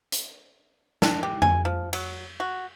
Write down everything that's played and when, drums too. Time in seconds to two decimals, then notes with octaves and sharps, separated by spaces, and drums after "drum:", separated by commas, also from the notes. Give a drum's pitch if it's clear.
0.12 drum: hi-hat
1.02 D4, drum: snare
1.23 G4
1.42 G#5, drum: tom F2
1.65 F3
1.93 F#3, drum: cymbal
2.40 F#4